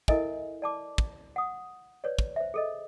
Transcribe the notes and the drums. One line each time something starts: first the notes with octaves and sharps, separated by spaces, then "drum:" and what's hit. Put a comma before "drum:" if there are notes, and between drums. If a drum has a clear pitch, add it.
E4 A4 A#4 D#5 E5 G#5, drum: kick
D5 A5 D6
drum: kick
F#5 D#6
B4 C#5 D5
drum: kick
C5 E5
G#4 A4 D#5